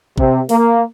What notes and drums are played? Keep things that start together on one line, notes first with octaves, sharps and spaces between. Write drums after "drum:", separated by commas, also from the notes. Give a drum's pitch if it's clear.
C3, drum: kick G#1
A#3, drum: open hi-hat